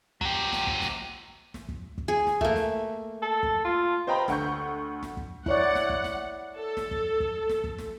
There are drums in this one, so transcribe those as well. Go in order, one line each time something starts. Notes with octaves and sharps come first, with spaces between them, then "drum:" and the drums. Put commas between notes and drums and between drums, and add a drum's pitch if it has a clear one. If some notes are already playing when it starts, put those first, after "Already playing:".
F#3 G4, drum: kick
drum: snare
drum: kick
drum: snare
drum: snare
drum: kick
drum: kick
G#4
drum: snare
A3 A#3, drum: kick
drum: snare
A4
drum: kick
F4
C5 D#5 G5 A#5 B5
D2 F#5 C#6 G6, drum: snare
drum: snare
drum: kick
E4 C#5 D5 F#5, drum: kick
drum: snare
drum: kick
drum: snare
A4
drum: snare
drum: kick
drum: kick
drum: snare
drum: kick
drum: snare